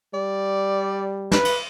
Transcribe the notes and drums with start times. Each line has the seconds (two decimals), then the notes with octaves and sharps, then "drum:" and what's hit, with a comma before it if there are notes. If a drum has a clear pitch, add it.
0.14 G3 D5
1.32 B4, drum: snare
1.45 drum: cymbal